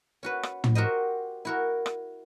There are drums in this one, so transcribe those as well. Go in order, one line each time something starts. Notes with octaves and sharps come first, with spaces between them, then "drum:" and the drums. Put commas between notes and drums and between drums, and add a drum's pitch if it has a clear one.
C#4 F#4 B4
drum: rim click
drum: tom
F#4 G4 A#4 C5 D#5
E4 F#4 A#4
drum: rim click